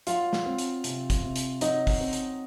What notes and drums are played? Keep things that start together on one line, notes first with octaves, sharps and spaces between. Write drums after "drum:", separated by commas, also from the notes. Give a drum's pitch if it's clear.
F#3 F4 F5, drum: hi-hat
drum: snare
C4
drum: hi-hat
C3, drum: hi-hat
drum: kick, hi-hat
C3
drum: hi-hat
F#3 D#4 D#5, drum: hi-hat
drum: kick, open hi-hat
C4
drum: hi-hat